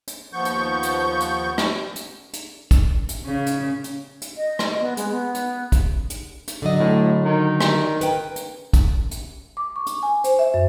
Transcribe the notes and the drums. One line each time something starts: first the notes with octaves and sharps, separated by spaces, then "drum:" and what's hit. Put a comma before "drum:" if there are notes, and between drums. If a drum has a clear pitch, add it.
drum: hi-hat
D#2 F3 B3 C#6 G6
drum: hi-hat
drum: hi-hat
drum: hi-hat
drum: rim click
drum: hi-hat
drum: hi-hat
drum: kick, hi-hat
drum: hi-hat
C#3
drum: hi-hat
drum: hi-hat
drum: hi-hat
D#5
drum: rim click
B3
G#3, drum: hi-hat
B3
drum: hi-hat
drum: kick, hi-hat
drum: hi-hat
drum: hi-hat
D3 F#3 D#5
A2
D#3
drum: rim click
B4 G5, drum: hi-hat
drum: hi-hat
drum: kick, hi-hat
drum: hi-hat
D6
C#6
drum: hi-hat
G#5
C5, drum: hi-hat
E5
F#2